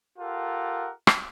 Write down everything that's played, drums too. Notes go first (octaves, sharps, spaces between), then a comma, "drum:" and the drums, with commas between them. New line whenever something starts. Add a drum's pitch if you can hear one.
F4 G4 A4 A#4 F#5
drum: rim click